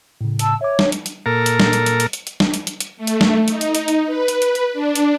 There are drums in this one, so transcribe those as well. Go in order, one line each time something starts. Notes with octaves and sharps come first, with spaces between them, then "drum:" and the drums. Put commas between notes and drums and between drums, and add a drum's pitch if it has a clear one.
A2 C#3
A5 E6, drum: hi-hat
C#5 E5 D6
drum: snare
drum: hi-hat
drum: hi-hat
A#2 A4 A#4 A#5
drum: hi-hat
drum: snare
drum: hi-hat
drum: hi-hat
drum: hi-hat
drum: hi-hat
drum: hi-hat
drum: snare
drum: hi-hat
drum: hi-hat
drum: hi-hat
A3
drum: hi-hat
drum: snare
D#4, drum: hi-hat
drum: hi-hat
drum: hi-hat
drum: hi-hat
B4
drum: hi-hat
drum: hi-hat
drum: hi-hat
D4
drum: hi-hat